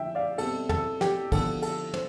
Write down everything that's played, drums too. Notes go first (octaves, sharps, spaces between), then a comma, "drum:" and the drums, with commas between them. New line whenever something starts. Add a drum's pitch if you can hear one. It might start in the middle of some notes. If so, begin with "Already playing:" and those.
Already playing: D3 F3 E5 G5
D5 F5
B2 G3 C4 A4, drum: cymbal
A4, drum: tom
G4, drum: snare
D3 F3 B3 A4, drum: kick, cymbal
A4, drum: cymbal
C5, drum: tom